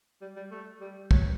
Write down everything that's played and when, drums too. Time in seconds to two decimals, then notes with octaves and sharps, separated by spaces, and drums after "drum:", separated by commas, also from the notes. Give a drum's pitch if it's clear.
0.22 G3
0.36 G3
0.51 A3
0.81 G3
1.11 F#3, drum: kick